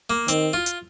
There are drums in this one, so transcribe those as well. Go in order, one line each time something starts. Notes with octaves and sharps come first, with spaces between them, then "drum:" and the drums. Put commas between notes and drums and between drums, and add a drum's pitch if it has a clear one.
A#3
D#3 C4, drum: hi-hat
F4
drum: hi-hat